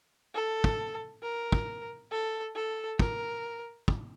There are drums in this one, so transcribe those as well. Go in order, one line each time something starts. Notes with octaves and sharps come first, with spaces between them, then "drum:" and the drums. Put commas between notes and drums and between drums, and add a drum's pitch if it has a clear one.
A4
drum: kick
A#4
drum: kick
A4
A4
A#4, drum: kick
drum: kick